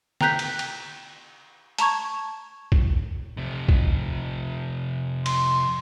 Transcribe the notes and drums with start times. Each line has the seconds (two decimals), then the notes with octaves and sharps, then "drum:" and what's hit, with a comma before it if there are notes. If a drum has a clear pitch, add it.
0.21 G5 A#5 F#6 G6 B6, drum: snare
0.39 drum: cymbal
0.59 drum: cymbal
1.79 A5 A#5 C#6 G#6, drum: hi-hat
2.72 drum: kick A#1
3.37 F2 C3
3.69 drum: kick A#1
5.26 C6, drum: cymbal